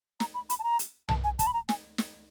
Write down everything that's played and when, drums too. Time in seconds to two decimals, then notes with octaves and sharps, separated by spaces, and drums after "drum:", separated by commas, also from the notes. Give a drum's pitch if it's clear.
0.20 A#5, drum: snare
0.34 B5
0.50 B5, drum: hi-hat
0.59 A5
0.64 A#5
0.79 drum: hi-hat
1.09 A5, drum: tom B1
1.24 G#5
1.39 A5, drum: kick, hi-hat
1.47 B5
1.54 A#5
1.69 G#5, drum: snare
1.98 drum: snare